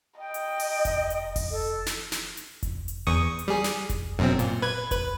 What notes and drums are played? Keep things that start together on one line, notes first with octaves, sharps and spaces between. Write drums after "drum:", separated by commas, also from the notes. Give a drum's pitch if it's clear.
D#5 G5
drum: hi-hat
drum: open hi-hat
drum: kick F1, hi-hat
drum: hi-hat
drum: kick F1, open hi-hat
A4
drum: snare
drum: snare
drum: hi-hat
drum: kick F1, hi-hat
drum: hi-hat
E2 C#6 D#6
drum: hi-hat
G3 G#4
drum: snare
drum: kick F1, hi-hat
F#2 B2 C4
A#2, drum: hi-hat
B4 G#6
B4, drum: kick F1, hi-hat